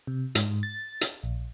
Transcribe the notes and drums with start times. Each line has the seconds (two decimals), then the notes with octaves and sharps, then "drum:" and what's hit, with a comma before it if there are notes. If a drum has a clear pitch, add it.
0.07 C3
0.35 G#2, drum: hi-hat
0.63 A6
1.01 drum: hi-hat
1.23 A#1